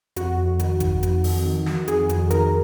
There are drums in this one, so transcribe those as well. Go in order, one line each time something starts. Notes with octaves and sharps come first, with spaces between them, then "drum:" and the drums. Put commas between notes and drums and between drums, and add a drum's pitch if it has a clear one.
F2 F#4, drum: hi-hat
F2
D#3, drum: hi-hat
D#3, drum: kick G1, hi-hat
F2, drum: hi-hat
F2, drum: open hi-hat
D#3
D#3, drum: snare
F2 G#4, drum: hi-hat
F2, drum: hi-hat
D#3 A#4, drum: hi-hat